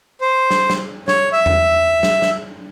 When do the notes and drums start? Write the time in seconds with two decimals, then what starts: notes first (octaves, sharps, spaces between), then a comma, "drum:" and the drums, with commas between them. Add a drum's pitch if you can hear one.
0.21 C5
0.51 drum: snare
0.70 drum: snare
1.08 C#5, drum: snare
1.32 E5
1.46 drum: tom E2
2.03 drum: snare
2.22 drum: snare